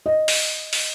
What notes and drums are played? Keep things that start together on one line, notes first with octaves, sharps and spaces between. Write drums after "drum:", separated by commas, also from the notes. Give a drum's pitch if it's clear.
D#5
drum: open hi-hat
drum: open hi-hat